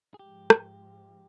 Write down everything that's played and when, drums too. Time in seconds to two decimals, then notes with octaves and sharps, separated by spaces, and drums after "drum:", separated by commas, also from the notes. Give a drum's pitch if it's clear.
0.14 G#4
0.19 G#2 F3 G#3 G4
0.50 drum: rim click